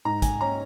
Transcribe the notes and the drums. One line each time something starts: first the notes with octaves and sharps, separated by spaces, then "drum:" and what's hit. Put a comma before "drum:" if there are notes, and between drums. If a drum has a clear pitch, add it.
G#2 A#5
G#5, drum: kick, hi-hat
C#4 A#5